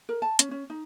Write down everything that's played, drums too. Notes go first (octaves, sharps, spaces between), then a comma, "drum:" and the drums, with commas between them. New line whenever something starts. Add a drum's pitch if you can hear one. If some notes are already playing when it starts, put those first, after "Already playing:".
A#4
A5
C#4, drum: hi-hat
C#4
D#4